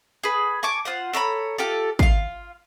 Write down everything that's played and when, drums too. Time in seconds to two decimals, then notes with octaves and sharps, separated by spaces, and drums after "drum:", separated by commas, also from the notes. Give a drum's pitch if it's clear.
0.24 G#4 B4
0.63 G#5 A5 C#6 D6
0.85 F4 C5 F#5
1.13 A4 C#5 A#5 B5
1.58 F4 G4 A4
1.99 F4 F5, drum: kick